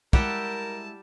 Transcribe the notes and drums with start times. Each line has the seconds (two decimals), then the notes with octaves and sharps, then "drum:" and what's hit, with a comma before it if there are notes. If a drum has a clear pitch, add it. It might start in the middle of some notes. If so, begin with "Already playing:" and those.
0.13 G3 G#3 E4 G4 A#4 E5 F#5 A5, drum: kick